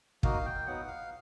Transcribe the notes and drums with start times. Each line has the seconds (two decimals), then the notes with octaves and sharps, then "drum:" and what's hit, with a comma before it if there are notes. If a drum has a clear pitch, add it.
0.23 A#3 D#4 F#4 F5, drum: kick
0.46 G5
0.67 F#3 B3 D#4 F#5
0.88 F5